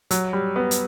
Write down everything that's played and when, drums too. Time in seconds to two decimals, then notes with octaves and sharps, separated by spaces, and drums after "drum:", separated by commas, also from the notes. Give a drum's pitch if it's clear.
0.11 F#3, drum: hi-hat
0.33 G3
0.56 B3
0.71 drum: hi-hat